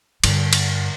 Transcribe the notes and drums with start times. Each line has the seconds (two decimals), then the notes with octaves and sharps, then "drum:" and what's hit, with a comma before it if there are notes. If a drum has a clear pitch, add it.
0.24 G2 D3, drum: cymbal
0.53 drum: cymbal